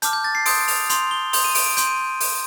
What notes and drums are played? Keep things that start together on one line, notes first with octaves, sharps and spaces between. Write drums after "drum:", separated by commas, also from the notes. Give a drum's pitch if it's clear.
A5 D6 F6 G6, drum: hi-hat
G6
A6
C7
C6 D#6 G6 D7, drum: open hi-hat
F7, drum: open hi-hat
C6 G6 F7, drum: hi-hat
G7
C6 D#6 G6 F7, drum: open hi-hat
D#7
D7, drum: open hi-hat
D7
C6 G6 D7, drum: hi-hat
D#7
drum: open hi-hat